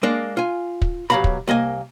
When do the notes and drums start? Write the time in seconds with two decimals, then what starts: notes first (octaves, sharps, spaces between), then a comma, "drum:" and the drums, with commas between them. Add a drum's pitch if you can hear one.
0.03 G#3 A#3 D4
0.37 F4 G#5
0.82 drum: kick
1.10 B1 F#3 G4 F5 A#5 B5
1.24 drum: kick
1.47 C2 A#3 D#5 G#5